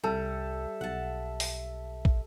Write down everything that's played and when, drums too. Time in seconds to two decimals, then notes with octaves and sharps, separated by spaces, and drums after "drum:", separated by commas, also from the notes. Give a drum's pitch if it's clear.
0.04 C2 G3 A4 E5
0.81 B1 F#5 A5
1.40 drum: open hi-hat
2.05 drum: kick